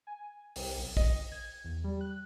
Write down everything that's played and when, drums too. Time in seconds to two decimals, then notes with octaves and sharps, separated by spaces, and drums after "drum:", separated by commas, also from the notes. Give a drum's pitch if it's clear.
0.07 G#5
0.56 C2, drum: open hi-hat
0.77 B1
0.97 D#5, drum: kick
1.32 G#6
1.65 E2
1.84 G3
2.01 F#6